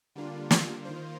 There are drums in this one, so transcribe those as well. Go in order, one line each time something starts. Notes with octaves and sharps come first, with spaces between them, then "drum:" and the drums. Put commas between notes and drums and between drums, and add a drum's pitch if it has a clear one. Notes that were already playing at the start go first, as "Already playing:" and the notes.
D3 G3 A#3 D4 F4
drum: snare
D#3 A#3 F4 C5